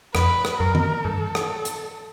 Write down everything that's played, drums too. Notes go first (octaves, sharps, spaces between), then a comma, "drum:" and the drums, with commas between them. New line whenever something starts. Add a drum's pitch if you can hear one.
F2 B4, drum: rim click
drum: rim click
F#2 A#4
drum: tom D#3
G2 A4
drum: rim click
drum: hi-hat